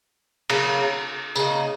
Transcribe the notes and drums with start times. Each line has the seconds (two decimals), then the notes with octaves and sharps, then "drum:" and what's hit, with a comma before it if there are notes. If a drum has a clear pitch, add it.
0.50 C#3 F#3 A#3, drum: cymbal
1.36 C#3 A#3 D#4, drum: tambourine